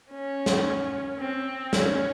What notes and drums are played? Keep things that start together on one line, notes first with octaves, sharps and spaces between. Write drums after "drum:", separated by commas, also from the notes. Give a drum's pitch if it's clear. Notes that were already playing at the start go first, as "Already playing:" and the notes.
C#4
drum: snare
C4
C#4, drum: snare